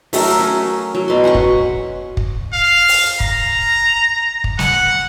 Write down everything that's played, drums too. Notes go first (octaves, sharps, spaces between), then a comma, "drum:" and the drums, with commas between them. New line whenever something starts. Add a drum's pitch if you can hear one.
F#3 A3 A4 A#4, drum: open hi-hat
C#4
F#3
B2 C6
C#4 F#5 C6 C#6
drum: kick
drum: kick
F5
drum: open hi-hat
A#5, drum: kick
drum: kick
F#5, drum: snare